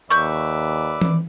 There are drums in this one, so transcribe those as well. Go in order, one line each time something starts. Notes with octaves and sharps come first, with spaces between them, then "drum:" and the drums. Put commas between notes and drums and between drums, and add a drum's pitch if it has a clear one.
D#2 B4 D5 E5 C#6 G6
drum: tom E3